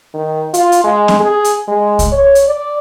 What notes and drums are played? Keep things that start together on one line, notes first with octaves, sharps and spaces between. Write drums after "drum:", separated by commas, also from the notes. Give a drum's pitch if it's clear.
D#3
F4, drum: hi-hat
drum: hi-hat
G#3
drum: snare C4
G#4
drum: hi-hat
G#3
drum: kick C2, hi-hat
C#5
drum: hi-hat
D5